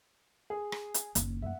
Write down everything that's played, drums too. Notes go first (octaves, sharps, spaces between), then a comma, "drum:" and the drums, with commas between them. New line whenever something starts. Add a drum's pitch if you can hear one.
G#4
drum: rim click
drum: hi-hat
F#1 D#2, drum: hi-hat
F#2 A3 E5 F#5